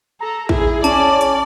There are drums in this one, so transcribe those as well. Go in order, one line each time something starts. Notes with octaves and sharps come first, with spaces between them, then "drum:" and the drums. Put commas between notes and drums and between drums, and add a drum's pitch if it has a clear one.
A4 A#5
E4 G#4, drum: kick
C#4 D5 A5, drum: hi-hat
drum: hi-hat